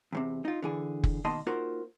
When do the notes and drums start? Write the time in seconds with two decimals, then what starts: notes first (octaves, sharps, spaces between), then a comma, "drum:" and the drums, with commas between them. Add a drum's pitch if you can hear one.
0.12 E2 A2 C3
0.45 D#4 F4
0.62 D3 E3 G#4
1.04 drum: kick F1
1.25 B2 D#3 A#3 D#5 A5 C6
1.46 A#3 D#4 F4 F#4 A#4 C5